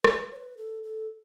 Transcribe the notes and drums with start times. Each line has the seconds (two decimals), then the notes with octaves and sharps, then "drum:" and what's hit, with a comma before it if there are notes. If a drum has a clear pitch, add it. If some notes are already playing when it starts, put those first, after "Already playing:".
0.04 B4, drum: rim click
0.31 C#5
0.36 B4
0.57 A4
0.83 A4